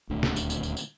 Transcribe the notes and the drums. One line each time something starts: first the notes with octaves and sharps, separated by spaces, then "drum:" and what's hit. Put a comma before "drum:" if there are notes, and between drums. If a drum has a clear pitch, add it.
D#1 D2 D3
drum: snare
drum: tambourine
drum: tambourine
drum: tambourine
drum: tambourine